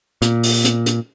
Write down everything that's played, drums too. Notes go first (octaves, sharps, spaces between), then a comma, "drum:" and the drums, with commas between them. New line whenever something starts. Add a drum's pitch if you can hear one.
A#2, drum: hi-hat
drum: open hi-hat
drum: hi-hat
drum: hi-hat